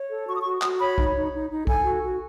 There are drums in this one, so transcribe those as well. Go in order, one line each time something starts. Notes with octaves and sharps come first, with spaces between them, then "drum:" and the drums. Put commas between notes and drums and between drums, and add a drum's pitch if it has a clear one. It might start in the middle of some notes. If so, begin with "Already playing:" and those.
Already playing: C#5
A4
F#4 C#6
D#6
F#4 C#6
F#4 D#6, drum: clap
C#5 B5
D#4, drum: kick B1
D#4
D#4
D#4
A4 G#5, drum: kick B1
F#4
F#4